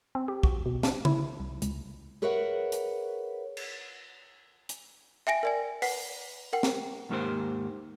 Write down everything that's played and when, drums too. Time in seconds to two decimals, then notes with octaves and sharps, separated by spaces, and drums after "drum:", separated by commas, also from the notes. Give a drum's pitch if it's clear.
0.15 C4
0.28 G4
0.43 F#4, drum: kick
0.66 B2
0.83 D4, drum: snare
1.05 E4, drum: tom
1.40 C2
1.62 C#2, drum: hi-hat
2.22 G#4 A#4 B4 C#5 E5 F#5
2.72 drum: hi-hat
3.57 drum: cymbal
4.69 drum: hi-hat
5.27 E5 G5 G#5 A#6 D7
5.43 A#4 D5 G#5
5.82 B4 F#5 B6, drum: open hi-hat
6.53 A#4 F#5 G5
6.63 drum: snare
7.09 D#2 G#2 D#3 A#3 G4 C5